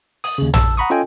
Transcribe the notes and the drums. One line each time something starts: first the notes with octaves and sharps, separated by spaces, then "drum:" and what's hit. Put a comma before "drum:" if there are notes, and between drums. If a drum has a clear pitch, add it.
D#6, drum: open hi-hat
D#2 C#3
A5 E6, drum: tom
F#5 A#5 B5 C#6 D#6
C#4 F4 A4 D#5 G5 G#5